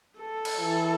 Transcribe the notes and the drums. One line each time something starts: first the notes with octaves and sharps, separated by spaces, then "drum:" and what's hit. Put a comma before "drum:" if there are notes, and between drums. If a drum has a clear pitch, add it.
A4
drum: cymbal
E3